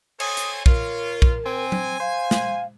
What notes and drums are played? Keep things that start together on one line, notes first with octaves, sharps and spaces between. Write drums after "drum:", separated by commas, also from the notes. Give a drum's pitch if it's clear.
A4 C5 C#5 G#5 D#6, drum: cymbal
drum: hi-hat
F4 A#4, drum: kick
drum: kick
C4 G#5
drum: tom F#3
C5 F5
drum: snare